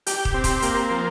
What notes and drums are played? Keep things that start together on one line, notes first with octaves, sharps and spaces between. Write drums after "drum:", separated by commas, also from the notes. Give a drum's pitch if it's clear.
G4, drum: hi-hat
drum: kick
C4
drum: kick, hi-hat
A#3, drum: hi-hat
F3